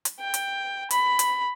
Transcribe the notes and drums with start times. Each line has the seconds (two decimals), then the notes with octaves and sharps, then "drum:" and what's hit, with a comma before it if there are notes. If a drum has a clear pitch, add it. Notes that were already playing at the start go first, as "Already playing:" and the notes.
0.05 drum: hi-hat
0.19 G5
0.34 drum: hi-hat
0.91 B5, drum: hi-hat
1.19 drum: hi-hat